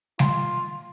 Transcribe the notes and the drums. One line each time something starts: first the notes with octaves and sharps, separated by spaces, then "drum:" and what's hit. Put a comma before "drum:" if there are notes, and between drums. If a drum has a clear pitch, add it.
F4, drum: snare G3